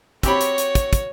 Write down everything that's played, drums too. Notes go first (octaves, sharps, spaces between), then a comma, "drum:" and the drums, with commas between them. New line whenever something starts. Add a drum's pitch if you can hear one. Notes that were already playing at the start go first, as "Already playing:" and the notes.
C4 F#4 G4 C#5 B5, drum: kick, hi-hat
drum: hi-hat
drum: hi-hat
drum: kick, hi-hat
drum: kick, hi-hat